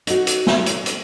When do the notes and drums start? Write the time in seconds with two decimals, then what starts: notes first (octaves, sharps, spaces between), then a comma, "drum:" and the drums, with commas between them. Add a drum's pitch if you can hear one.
0.07 D#4 F#4, drum: hi-hat
0.27 drum: hi-hat
0.46 drum: snare
0.66 drum: hi-hat
0.86 drum: hi-hat